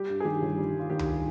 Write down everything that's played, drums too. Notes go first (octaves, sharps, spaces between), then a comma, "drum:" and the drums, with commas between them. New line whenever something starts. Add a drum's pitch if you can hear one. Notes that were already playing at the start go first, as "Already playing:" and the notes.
Already playing: G3 G4
G2
G#4
D#3 G4
G1
G3
G2
F4
D#3 G4
drum: tom C#2